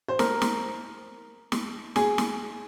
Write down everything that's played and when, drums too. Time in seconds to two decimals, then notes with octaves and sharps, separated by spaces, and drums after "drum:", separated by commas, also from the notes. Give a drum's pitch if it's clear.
0.08 C5
0.19 A#4, drum: snare
0.42 drum: snare
1.52 drum: snare
1.96 G#4, drum: snare
2.18 drum: snare